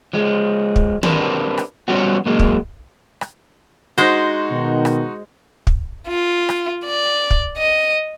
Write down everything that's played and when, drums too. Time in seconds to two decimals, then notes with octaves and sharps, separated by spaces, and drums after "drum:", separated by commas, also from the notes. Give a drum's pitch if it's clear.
0.13 F3 G#3
0.76 drum: kick
1.03 C4 D4 G4 A#4 B4, drum: tom
1.58 drum: rim click
1.88 F3 G3 B3 C#4 F#4
2.26 A#2 F#3 G#3 A#3
2.39 drum: kick
3.21 drum: rim click
3.98 G#3 D#4 F#4 C5
4.50 B2 D#3
4.85 drum: rim click
5.67 drum: kick
6.08 F4
6.49 drum: rim click
6.85 D5
7.31 drum: kick
7.57 D#5